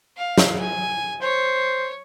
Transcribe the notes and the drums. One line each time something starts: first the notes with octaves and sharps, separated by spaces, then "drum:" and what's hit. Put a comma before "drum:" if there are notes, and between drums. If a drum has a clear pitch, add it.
F5
drum: snare
G#5
C5 C#5